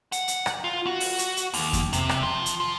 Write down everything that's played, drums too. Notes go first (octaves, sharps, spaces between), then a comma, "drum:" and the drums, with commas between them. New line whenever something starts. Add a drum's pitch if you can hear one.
F#5, drum: hi-hat
drum: hi-hat
drum: rim click
F4
F#4
drum: open hi-hat
drum: hi-hat
drum: hi-hat
D#2, drum: open hi-hat
drum: kick F2, hi-hat
C3, drum: hi-hat
drum: rim click
F3
drum: hi-hat
F3